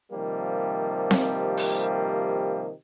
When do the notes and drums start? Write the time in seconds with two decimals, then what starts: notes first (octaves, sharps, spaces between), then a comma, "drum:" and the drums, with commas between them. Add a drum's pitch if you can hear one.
0.11 C3 D#3 F3 G3 A#3
1.11 drum: snare C4
1.57 drum: open hi-hat